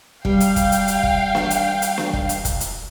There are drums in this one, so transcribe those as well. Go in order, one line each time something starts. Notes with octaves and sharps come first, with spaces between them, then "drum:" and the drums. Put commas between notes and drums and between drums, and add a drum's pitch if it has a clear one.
G3 F5 G5, drum: kick
drum: hi-hat
drum: kick, hi-hat
drum: hi-hat
drum: hi-hat
drum: kick
drum: snare
drum: hi-hat
drum: hi-hat
drum: snare
drum: kick
drum: hi-hat
drum: kick, hi-hat
drum: hi-hat